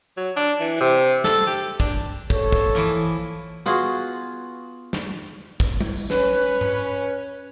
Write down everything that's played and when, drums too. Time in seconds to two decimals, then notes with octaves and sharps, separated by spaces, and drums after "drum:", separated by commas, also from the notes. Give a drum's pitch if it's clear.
0.17 F#3
0.37 D4
0.60 E3
0.81 C3
1.24 A4, drum: snare
1.47 G4
1.80 D4, drum: kick
2.30 A4 C#5, drum: kick
2.52 drum: kick
2.75 E3 F3 A#3
3.66 B3 F4 F#4 G#4, drum: tambourine
4.93 drum: snare
5.60 drum: kick
5.81 drum: tom G3
5.96 drum: open hi-hat
6.10 C#4 B4, drum: snare
6.61 drum: tom G#2